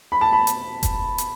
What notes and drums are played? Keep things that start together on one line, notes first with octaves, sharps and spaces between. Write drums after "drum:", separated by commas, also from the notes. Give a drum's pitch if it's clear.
B5
A5
B5
drum: hi-hat
drum: kick F1, hi-hat
drum: hi-hat